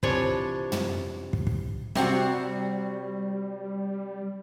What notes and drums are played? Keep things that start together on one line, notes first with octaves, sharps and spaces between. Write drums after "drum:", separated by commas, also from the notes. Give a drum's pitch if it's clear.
C3 E3 F3 D4 C#5 A5, drum: kick
drum: tom
drum: kick
drum: kick
C3 G3 C4 F#4, drum: snare